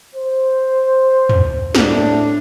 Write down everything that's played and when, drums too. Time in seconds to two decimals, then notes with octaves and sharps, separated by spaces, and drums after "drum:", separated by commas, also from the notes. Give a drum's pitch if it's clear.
0.14 C5
1.29 drum: tom
1.75 A2 D4, drum: snare